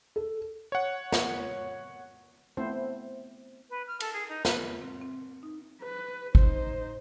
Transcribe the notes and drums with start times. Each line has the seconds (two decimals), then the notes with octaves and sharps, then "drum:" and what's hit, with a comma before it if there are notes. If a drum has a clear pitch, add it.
0.16 A4
0.72 C#5 F#5
1.12 drum: snare
2.57 A3 B3 C4 E4 C5
3.70 B4
3.87 F6
4.00 A4, drum: cymbal
4.13 G#4
4.28 D#4
4.45 B4, drum: snare
4.82 C4
5.02 C4
5.43 D#4
5.81 B4
6.35 D#4 C5, drum: kick